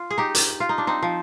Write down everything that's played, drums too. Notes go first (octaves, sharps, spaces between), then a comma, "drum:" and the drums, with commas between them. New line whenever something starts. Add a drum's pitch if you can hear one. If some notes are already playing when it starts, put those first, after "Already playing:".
Already playing: F4
G#4
D#4 G4
drum: hi-hat
F4
D#4
D4
C4 D#4
F3